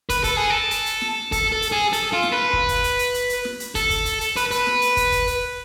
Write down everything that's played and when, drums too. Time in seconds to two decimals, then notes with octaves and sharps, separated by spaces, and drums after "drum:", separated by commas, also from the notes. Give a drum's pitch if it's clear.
0.10 B4, drum: kick, hi-hat
0.24 A4, drum: kick, hi-hat
0.37 G#4
0.50 A4
0.71 drum: hi-hat
0.86 drum: hi-hat
1.01 drum: snare
1.32 A4, drum: kick, hi-hat
1.52 A4
1.62 drum: hi-hat
1.72 G#4
1.93 A4, drum: hi-hat
2.13 F4
2.23 drum: snare
2.32 B4
2.53 drum: kick
2.69 drum: kick, hi-hat
2.84 drum: hi-hat
2.99 drum: hi-hat
3.14 drum: hi-hat
3.29 drum: hi-hat
3.45 drum: snare
3.60 drum: hi-hat
3.75 A4, drum: kick, hi-hat
3.90 drum: kick, hi-hat
4.06 drum: hi-hat
4.21 drum: hi-hat
4.37 B4, drum: hi-hat
4.51 B4, drum: hi-hat
4.66 drum: snare
4.82 drum: hi-hat
4.97 drum: kick, hi-hat
5.12 drum: kick, hi-hat
5.27 drum: hi-hat